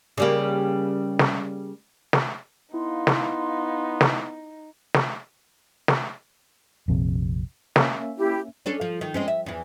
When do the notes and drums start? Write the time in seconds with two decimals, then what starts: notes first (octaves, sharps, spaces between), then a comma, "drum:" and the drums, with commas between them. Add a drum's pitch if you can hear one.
0.18 C#3 G3 A#3
1.19 drum: snare
2.13 drum: snare
2.74 B3 D#4 E4 F5 C6
3.07 drum: snare
4.01 drum: snare
4.94 drum: snare
5.88 drum: snare
6.88 A#1 F2 C3
7.76 A#3 C#4 E5, drum: snare
8.18 E4 G4
8.66 C#4 D4 A4
8.81 F3
9.01 D#3
9.14 G#3 C4 C#4
9.28 E5
9.46 E2 E3